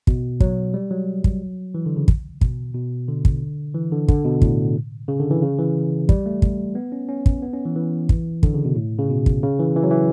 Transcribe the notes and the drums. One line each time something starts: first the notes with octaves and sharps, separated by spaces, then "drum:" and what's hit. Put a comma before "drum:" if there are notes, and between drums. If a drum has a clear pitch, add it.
B2, drum: kick
F#3, drum: kick
G3
F#3
drum: kick
E3
D3
C#3
drum: kick
B2, drum: kick
B2
D3
drum: kick
E3
D3
D3, drum: kick
B2
A2, drum: kick
C#3
D3
E3
C#3
E3
G3, drum: kick
A3
drum: kick
B3
C#4
C#4
drum: kick
B3
C#4
E3
E3
drum: kick
D3, drum: kick
C#3
B2
A2
C#3
B2
drum: kick
C#3
E3
E3
F#3
E3